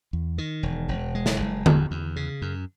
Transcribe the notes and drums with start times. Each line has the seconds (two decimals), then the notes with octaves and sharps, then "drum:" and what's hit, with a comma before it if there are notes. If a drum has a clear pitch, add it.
0.13 E2
0.38 D#3
0.63 E1
0.88 E1
1.15 G#3
1.26 drum: snare
1.40 F#1
1.66 E2, drum: tom D3
1.91 E2
2.16 C#3
2.42 F#2